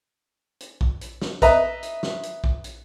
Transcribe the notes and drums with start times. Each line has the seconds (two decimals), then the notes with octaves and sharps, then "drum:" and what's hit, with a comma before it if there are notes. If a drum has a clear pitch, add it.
0.60 drum: hi-hat
0.81 drum: kick A#1
1.01 drum: hi-hat
1.22 drum: snare
1.42 B4 D#5 E5 A#5, drum: kick A#1, hi-hat
1.83 drum: hi-hat
2.03 drum: snare
2.23 drum: hi-hat
2.44 drum: kick A#1
2.64 drum: hi-hat